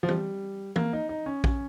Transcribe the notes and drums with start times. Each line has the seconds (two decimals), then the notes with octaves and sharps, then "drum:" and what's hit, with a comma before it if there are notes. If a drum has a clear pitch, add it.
0.03 F3
0.08 G3, drum: tom E3
0.76 A#3, drum: tom E3
0.93 D#4
1.09 D#4
1.26 C#4
1.44 C#4, drum: kick